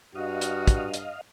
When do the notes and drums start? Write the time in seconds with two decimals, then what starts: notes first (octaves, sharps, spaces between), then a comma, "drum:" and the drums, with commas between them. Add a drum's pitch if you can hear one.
0.15 G2 F#4 D#5 F5
0.41 drum: hi-hat
0.67 drum: kick, hi-hat
0.94 drum: hi-hat